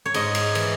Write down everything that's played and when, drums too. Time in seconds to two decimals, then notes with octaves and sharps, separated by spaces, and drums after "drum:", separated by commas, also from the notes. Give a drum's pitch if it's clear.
0.05 C#5
0.14 G#2 D#5, drum: cymbal
0.35 drum: cymbal
0.55 E3, drum: cymbal